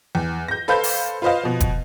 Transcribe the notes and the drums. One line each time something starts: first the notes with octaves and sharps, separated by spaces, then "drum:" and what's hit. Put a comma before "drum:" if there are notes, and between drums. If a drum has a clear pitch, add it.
E2
G6 A#6
A4 B4 C5 F5 B5 G6
drum: open hi-hat
F4 B4 C5 D#5 F5
B2 F3
drum: kick E1, hi-hat